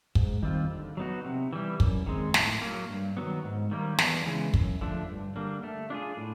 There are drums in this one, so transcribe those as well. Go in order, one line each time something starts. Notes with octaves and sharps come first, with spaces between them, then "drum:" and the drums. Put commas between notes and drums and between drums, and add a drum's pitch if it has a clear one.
G#2, drum: kick
D#3 G3 C4 F4
D3
F#3 B3 D#4 F#4
C3
E3 G3
F#2, drum: kick
D#3 G#3 C4
A2, drum: snare
F#3 A#3
G2
D#3 F#3 B3
G#2
D#3 G3 A#3
E2, drum: snare
C#3 E3 G#3
F#2, drum: kick
D3 F3 A3 D4
G2
D3 G3 A#3 D4
A3
D4 F4 G#4
A2